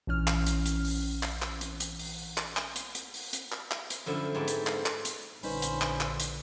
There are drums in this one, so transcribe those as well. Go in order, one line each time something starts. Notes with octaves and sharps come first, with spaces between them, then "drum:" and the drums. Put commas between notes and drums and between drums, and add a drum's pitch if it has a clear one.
A#1 E3 C#4 F6
drum: clap
drum: hi-hat
drum: hi-hat
drum: open hi-hat
drum: clap
drum: clap
drum: hi-hat
drum: hi-hat
drum: open hi-hat
drum: clap
drum: clap
drum: hi-hat
drum: hi-hat
drum: open hi-hat
drum: hi-hat
drum: clap
drum: clap
drum: hi-hat
F#2 D3 F3 E4
G#2 G#3 B3 C4 D5 A5
drum: hi-hat
drum: clap
drum: clap
drum: hi-hat
A#1 D3 G3 C#4 D#4 B4 C5 B5, drum: open hi-hat
drum: hi-hat
drum: clap
drum: clap
drum: hi-hat